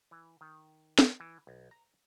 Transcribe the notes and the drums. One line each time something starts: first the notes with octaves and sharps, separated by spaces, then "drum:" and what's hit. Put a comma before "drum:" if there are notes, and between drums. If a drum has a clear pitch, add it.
E3
D#3
drum: snare
E3
B1
A#5